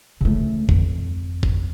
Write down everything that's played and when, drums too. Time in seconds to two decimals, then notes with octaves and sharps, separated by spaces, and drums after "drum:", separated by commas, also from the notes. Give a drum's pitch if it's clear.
0.21 C#3 A3
0.69 F2, drum: kick
1.43 drum: kick